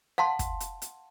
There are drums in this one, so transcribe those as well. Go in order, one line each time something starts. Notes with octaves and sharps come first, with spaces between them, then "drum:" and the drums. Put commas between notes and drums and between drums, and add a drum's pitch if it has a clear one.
F5 F#5 A5 C6
drum: kick, hi-hat
drum: hi-hat
drum: hi-hat